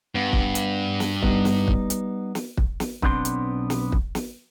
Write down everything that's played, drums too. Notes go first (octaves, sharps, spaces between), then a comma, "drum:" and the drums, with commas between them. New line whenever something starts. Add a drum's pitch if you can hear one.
G2 B3
drum: kick
drum: hi-hat
drum: snare
G3 B3 D#4, drum: kick
drum: snare
drum: kick
drum: hi-hat
drum: snare
drum: kick
drum: snare
B1 B3 C4 D4 F5 C6, drum: kick
drum: hi-hat
drum: snare
drum: kick
drum: snare